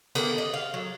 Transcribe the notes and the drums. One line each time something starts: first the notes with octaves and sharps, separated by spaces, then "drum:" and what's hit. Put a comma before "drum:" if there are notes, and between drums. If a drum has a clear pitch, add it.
D3 D#3 A#3 B3, drum: cymbal
D#5
F5
F#3